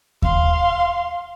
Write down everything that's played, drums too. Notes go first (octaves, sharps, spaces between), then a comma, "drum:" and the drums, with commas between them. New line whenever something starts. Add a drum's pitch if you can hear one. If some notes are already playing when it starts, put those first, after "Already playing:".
F5 C6, drum: kick D#2